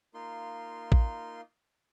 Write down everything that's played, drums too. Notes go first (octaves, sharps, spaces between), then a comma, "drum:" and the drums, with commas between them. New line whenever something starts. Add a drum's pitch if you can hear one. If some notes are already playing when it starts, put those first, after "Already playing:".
A#3 D#4 F4 C6
drum: kick A1